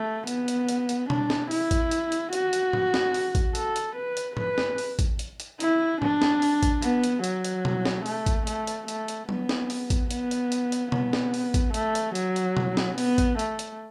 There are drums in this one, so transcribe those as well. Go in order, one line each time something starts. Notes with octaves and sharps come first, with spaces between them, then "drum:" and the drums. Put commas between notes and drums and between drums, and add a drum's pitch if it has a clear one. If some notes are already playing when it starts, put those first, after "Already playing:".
Already playing: A3
B3, drum: hi-hat
drum: hi-hat
drum: hi-hat
drum: hi-hat
D4, drum: tom B2
drum: snare
E4, drum: open hi-hat
drum: kick A1, hi-hat
drum: hi-hat
drum: hi-hat
F#4, drum: hi-hat
drum: hi-hat
drum: tom G#2
drum: snare
drum: open hi-hat
drum: kick A1, hi-hat
A4, drum: hi-hat
drum: hi-hat
B4
drum: hi-hat
B4, drum: tom G#2
drum: snare
drum: open hi-hat
drum: kick A1, hi-hat
drum: hi-hat
drum: hi-hat
E4, drum: hi-hat
D4, drum: tom G#2
drum: snare
drum: open hi-hat
drum: kick A1, hi-hat
B3, drum: hi-hat
drum: hi-hat
F#3, drum: hi-hat
drum: hi-hat
drum: tom B2
drum: snare
A3, drum: open hi-hat
drum: kick A1, hi-hat
A3, drum: hi-hat
drum: hi-hat
A3, drum: hi-hat
drum: hi-hat
B3, drum: tom F#3
drum: snare
drum: open hi-hat
drum: kick A1, hi-hat
B3, drum: hi-hat
drum: hi-hat
drum: hi-hat
drum: hi-hat
B3, drum: tom B2
drum: snare
drum: open hi-hat
drum: kick A1, hi-hat
A3, drum: hi-hat
drum: hi-hat
F#3, drum: hi-hat
drum: hi-hat
drum: tom B2
drum: snare
B3, drum: open hi-hat
drum: kick A1, hi-hat
A3, drum: hi-hat
drum: hi-hat